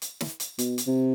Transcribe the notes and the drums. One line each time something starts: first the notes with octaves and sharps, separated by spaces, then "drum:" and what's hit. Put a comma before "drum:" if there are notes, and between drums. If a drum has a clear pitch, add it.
drum: hi-hat
drum: snare
drum: hi-hat
B2, drum: hi-hat
drum: hi-hat
C3